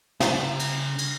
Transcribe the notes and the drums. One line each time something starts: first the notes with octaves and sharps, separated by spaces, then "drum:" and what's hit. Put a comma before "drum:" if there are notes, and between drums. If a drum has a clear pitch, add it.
C#3 A#5, drum: snare
drum: cymbal
drum: cymbal